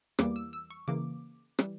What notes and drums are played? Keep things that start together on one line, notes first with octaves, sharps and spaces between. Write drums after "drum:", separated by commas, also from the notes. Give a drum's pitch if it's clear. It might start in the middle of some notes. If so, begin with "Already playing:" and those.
E2 E3 G3 A#3 D6, drum: rim click
E6
E6
C#6
C#3 E3 A#3 D6
E3 G3, drum: rim click